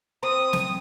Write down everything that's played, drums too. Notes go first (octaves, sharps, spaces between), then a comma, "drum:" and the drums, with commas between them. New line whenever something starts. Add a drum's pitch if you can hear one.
C4 D#6
drum: snare